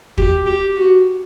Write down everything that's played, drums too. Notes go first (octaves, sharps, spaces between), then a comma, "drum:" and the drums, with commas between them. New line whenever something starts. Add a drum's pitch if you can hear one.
G4, drum: kick
G4
F#4